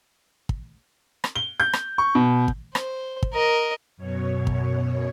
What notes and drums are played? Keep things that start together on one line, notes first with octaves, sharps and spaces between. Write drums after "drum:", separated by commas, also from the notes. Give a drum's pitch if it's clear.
drum: kick
drum: rim click
G7
G6
drum: rim click
C#6
B2
drum: kick
C5, drum: rim click
drum: kick
A#4 D#5
F#2 B2 C#5
drum: kick